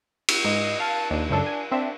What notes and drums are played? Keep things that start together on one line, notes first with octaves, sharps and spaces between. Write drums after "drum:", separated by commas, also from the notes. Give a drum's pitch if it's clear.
drum: cymbal
G#2 D#5
F5 A5
D#2 D4
C#2 F#2 D4 A4
G#5
C4 D4 E5